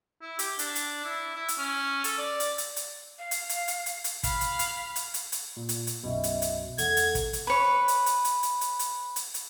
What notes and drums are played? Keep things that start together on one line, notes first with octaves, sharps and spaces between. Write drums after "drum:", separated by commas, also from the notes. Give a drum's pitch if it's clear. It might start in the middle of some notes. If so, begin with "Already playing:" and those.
E4
G4, drum: hi-hat
D4, drum: hi-hat
drum: hi-hat
E4
E4
drum: hi-hat
C#4
A4, drum: hi-hat
D5
drum: hi-hat
drum: hi-hat
drum: hi-hat
F5
drum: hi-hat
drum: hi-hat
drum: hi-hat
drum: hi-hat
drum: hi-hat
F5 B5, drum: kick, hi-hat
drum: hi-hat
drum: hi-hat
drum: hi-hat
drum: hi-hat
drum: hi-hat
A#2
drum: hi-hat
drum: hi-hat
B1 F#2 B2 D#5 E5
drum: hi-hat
drum: hi-hat
E2 A4 F#5 G#6, drum: hi-hat
drum: hi-hat
drum: kick, hi-hat
drum: hi-hat
B4 C#5
drum: hi-hat
drum: hi-hat
drum: hi-hat
drum: hi-hat
drum: hi-hat
drum: hi-hat
drum: hi-hat
drum: hi-hat